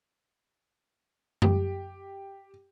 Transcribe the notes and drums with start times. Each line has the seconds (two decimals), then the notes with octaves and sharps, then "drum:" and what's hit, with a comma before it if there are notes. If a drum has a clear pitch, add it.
1.42 G4, drum: tom F#2